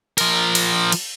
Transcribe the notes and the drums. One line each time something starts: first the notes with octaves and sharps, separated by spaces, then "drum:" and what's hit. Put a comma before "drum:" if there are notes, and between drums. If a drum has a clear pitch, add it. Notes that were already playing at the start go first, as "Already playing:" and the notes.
F3 A#4, drum: cymbal
drum: cymbal
drum: cymbal